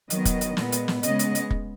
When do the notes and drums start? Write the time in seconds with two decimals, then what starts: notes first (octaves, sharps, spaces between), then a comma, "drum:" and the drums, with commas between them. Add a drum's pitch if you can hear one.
0.10 D#3 F#3 B3 D#5, drum: hi-hat
0.25 drum: kick, hi-hat
0.41 drum: hi-hat
0.57 A#2 G#3 B3, drum: snare
0.72 drum: hi-hat
0.88 drum: snare
1.03 C#3 G#3 B3 D#5, drum: hi-hat
1.19 drum: hi-hat
1.35 drum: hi-hat
1.50 drum: kick